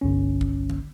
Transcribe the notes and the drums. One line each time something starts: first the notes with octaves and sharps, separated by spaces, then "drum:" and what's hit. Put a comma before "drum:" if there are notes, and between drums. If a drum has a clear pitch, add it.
G1 C2 C#4
drum: kick A1
drum: tom D3